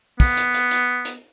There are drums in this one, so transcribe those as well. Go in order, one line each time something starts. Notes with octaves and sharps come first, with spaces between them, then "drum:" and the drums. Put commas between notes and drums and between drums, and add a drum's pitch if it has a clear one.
B3, drum: kick, open hi-hat
drum: hi-hat
drum: hi-hat
drum: hi-hat
drum: hi-hat